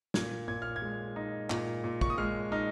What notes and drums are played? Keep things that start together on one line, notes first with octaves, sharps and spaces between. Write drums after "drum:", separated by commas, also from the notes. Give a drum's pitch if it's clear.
A#2 G#6, drum: snare
A#2 G#6
F6
G#6
G#3
D#4
A#2, drum: clap
A#2
C#6, drum: kick
D#6
G#3 F6
D#4 F6